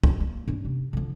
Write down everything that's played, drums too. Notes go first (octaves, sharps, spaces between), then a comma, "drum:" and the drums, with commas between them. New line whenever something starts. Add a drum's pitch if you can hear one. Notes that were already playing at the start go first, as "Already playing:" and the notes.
D#3 F3, drum: kick
A#3
G2 C#4
C3
D3 F3